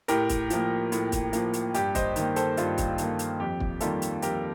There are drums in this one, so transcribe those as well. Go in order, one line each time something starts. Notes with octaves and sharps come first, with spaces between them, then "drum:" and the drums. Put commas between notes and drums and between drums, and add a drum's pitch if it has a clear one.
A2 G4 A#4, drum: hi-hat
drum: kick, hi-hat
F3 A#3, drum: hi-hat
A2, drum: hi-hat
drum: kick, hi-hat
F3 A#3, drum: hi-hat
drum: hi-hat
G2 G4, drum: hi-hat
C5 D#5, drum: kick, hi-hat
D#3 A#3, drum: hi-hat
A4 C5, drum: hi-hat
G2 F4, drum: hi-hat
drum: kick, hi-hat
D#3 A#3, drum: hi-hat
drum: hi-hat
F2 G4
drum: kick
D#3 G3 A#3 F4 A4, drum: hi-hat
drum: hi-hat
F2 G4 A#4, drum: hi-hat